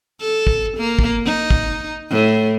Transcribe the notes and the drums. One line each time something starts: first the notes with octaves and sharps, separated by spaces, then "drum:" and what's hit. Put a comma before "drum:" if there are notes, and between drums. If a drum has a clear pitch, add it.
A4
drum: kick
A#3
drum: kick
D#4
drum: kick
A2